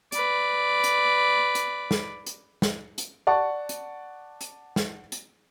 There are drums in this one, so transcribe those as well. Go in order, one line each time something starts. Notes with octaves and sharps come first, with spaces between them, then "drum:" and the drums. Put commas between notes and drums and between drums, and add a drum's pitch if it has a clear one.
B4 D5, drum: hi-hat
drum: hi-hat
drum: hi-hat
drum: snare
drum: hi-hat
drum: snare
drum: hi-hat
D5 F#5 A5 C#6
drum: hi-hat
drum: hi-hat
drum: snare
drum: hi-hat